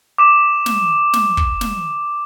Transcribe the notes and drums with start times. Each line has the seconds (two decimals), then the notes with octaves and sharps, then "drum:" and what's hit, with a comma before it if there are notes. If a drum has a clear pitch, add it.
0.18 D6 E7
0.66 drum: snare
1.13 drum: snare
1.37 drum: kick
1.61 drum: snare